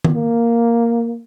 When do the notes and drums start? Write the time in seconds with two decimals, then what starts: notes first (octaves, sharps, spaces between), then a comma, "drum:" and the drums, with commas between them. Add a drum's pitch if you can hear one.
0.05 drum: tom D#3
0.14 A#3